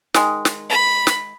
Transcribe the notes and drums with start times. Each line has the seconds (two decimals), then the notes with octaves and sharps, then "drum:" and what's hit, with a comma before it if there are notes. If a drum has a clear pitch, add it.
0.14 D#3 G#3, drum: snare
0.45 drum: snare
0.69 B5
1.07 drum: snare